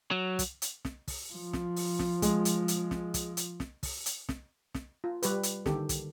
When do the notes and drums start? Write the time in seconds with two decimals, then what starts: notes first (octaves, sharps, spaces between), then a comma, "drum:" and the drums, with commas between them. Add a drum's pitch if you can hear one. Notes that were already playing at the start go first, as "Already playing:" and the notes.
0.11 F#3
0.39 drum: kick, hi-hat
0.62 drum: hi-hat
0.85 drum: snare
1.08 drum: kick, open hi-hat
1.34 F3
1.53 drum: snare
1.76 drum: open hi-hat
1.99 drum: snare
2.22 G#3, drum: kick, hi-hat
2.45 drum: hi-hat
2.68 drum: hi-hat
2.91 drum: snare
3.14 drum: kick, hi-hat
3.37 drum: hi-hat
3.60 drum: snare
3.83 drum: kick, open hi-hat
4.06 drum: hi-hat
4.29 drum: snare
4.74 drum: snare
5.04 F4
5.23 G3 G4 B4, drum: hi-hat
5.43 drum: hi-hat
5.66 D3 D#3 G4 A4, drum: snare
5.89 drum: kick, hi-hat